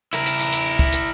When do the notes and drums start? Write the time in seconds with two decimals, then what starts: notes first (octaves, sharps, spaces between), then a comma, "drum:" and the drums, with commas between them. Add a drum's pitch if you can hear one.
0.13 E4 A#4, drum: hi-hat
0.26 drum: hi-hat
0.39 drum: hi-hat
0.53 drum: hi-hat
0.79 drum: kick
0.93 drum: hi-hat